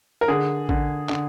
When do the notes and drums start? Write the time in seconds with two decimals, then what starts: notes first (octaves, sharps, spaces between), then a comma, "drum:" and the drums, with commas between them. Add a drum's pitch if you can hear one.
0.21 A#4
0.28 D3 G#4
0.69 D3, drum: kick A1
1.10 D3, drum: clap